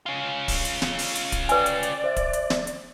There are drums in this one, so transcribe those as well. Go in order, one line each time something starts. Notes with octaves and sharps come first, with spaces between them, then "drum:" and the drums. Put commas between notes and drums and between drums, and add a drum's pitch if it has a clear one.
C#4 F4
drum: kick D1, open hi-hat
drum: hi-hat
drum: snare
drum: open hi-hat
drum: hi-hat
drum: kick D1, hi-hat
B4 D5 G5 G#5, drum: hi-hat
drum: hi-hat
drum: hi-hat
C5 E5
drum: kick D1, hi-hat
drum: hi-hat
drum: snare
drum: hi-hat